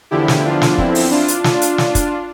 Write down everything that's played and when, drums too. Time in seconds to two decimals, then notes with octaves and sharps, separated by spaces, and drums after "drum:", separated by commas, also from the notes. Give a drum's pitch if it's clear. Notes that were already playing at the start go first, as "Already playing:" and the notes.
0.11 E2 D3 F3 E4 G4
0.28 drum: snare
0.45 D4 F4
0.62 drum: snare
0.78 C4 E4, drum: kick
0.95 drum: open hi-hat
1.11 D4 F4
1.28 drum: hi-hat
1.44 D4 F4, drum: snare
1.62 drum: hi-hat
1.78 drum: snare
1.95 drum: kick, hi-hat